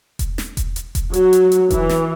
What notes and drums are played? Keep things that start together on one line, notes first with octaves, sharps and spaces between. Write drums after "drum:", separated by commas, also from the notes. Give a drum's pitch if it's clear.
drum: kick E1, hi-hat
drum: snare
drum: kick E1, hi-hat
drum: hi-hat
drum: kick E1, hi-hat
F#3, drum: hi-hat
drum: hi-hat
drum: hi-hat
E3, drum: kick E1, hi-hat
drum: snare